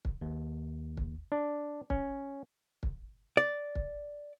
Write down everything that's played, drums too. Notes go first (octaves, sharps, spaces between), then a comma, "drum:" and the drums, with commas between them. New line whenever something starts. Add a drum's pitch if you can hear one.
drum: kick
D#2
drum: kick
D4
C#4, drum: kick
drum: kick
D5
drum: kick